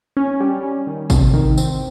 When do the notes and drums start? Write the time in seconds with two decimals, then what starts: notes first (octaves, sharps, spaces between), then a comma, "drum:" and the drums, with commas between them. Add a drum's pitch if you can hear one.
0.17 C#4
0.40 G3
0.63 C#4
0.87 D#3
1.10 C3, drum: kick, tambourine
1.33 D#3
1.57 C4, drum: tambourine